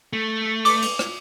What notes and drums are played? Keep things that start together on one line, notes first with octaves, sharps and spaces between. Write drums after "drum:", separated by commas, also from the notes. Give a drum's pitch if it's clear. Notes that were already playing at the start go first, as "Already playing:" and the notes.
A3
D6, drum: cymbal
drum: cymbal
drum: rim click